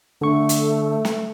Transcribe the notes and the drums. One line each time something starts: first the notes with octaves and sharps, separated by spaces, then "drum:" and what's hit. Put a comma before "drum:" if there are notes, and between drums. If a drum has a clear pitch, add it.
D3 A3 C#6
drum: hi-hat
drum: snare